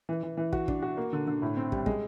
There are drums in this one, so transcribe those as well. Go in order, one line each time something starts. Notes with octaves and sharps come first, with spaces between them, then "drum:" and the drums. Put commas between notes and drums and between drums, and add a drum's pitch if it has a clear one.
E3
E3
E3
F#4, drum: kick
D4, drum: kick
F#4
A#3
D3
D3
A2
C4
G3, drum: kick
G#3, drum: kick